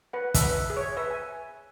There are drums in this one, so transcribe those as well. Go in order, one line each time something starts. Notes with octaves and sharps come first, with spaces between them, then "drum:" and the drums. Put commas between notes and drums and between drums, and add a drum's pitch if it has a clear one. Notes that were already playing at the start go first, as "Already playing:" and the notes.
B4 F#5
E5, drum: kick, hi-hat
B4
E5
G#4
C#5
B4 E5
G#5